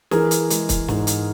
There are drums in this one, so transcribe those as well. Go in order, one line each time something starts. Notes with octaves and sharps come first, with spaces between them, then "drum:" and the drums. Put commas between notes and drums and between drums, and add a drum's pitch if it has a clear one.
E3 G#4 A#4, drum: snare
drum: hi-hat
G#3, drum: hi-hat
drum: kick, hi-hat
G#2, drum: snare
drum: hi-hat